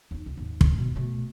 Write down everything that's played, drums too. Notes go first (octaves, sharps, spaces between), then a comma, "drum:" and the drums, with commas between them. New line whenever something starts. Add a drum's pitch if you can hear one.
D#2 D#4
C#2
D#2 G#2
D2, drum: kick
B2
B2 A3